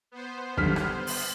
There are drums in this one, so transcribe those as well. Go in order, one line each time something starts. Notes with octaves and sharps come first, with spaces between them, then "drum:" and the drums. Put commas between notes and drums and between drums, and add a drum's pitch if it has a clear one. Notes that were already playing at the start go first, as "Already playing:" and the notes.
B3 C5
G2 D3 D#3 F#3 G3 F6 B6, drum: kick
drum: rim click
drum: open hi-hat